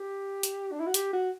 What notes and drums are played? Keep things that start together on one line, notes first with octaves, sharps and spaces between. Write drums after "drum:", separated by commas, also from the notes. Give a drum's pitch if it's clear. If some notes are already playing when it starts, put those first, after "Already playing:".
Already playing: G4
drum: hi-hat
D4
E4
F#4
G4, drum: hi-hat
F#4